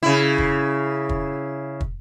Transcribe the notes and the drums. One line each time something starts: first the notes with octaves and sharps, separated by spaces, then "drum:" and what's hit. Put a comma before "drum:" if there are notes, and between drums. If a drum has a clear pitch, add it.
C#3 E4
drum: kick
drum: kick
drum: kick